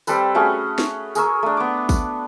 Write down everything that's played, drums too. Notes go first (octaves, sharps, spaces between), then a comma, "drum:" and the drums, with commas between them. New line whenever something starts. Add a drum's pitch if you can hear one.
G3 C4 A4 B4, drum: tambourine
A3 C#4 F#4 G#4
drum: snare
G#4 A#4 C#6 E6, drum: tambourine
A3 D4
B3 D6
drum: kick, tambourine